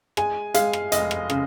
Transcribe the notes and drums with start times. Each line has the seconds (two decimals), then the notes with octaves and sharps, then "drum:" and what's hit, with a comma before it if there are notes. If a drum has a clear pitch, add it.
0.17 G#3 G#5, drum: rim click
0.54 G#3 F5, drum: hi-hat
0.73 drum: rim click
0.92 F1 D#5, drum: hi-hat
1.11 drum: rim click
1.30 C#3, drum: rim click